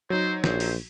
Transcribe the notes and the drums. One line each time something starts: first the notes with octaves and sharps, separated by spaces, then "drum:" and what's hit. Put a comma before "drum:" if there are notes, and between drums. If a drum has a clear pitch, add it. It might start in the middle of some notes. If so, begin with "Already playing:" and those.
F#3 D#4 C5
A#1 C5, drum: snare
drum: open hi-hat